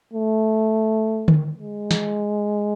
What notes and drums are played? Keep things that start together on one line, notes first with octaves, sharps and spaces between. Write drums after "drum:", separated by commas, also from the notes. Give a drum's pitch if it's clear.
A3
drum: tom D3
G#3
drum: snare